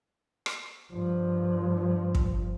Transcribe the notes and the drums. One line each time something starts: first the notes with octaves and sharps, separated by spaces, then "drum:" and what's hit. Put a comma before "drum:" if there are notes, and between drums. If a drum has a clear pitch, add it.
drum: rim click
G2 F3
drum: kick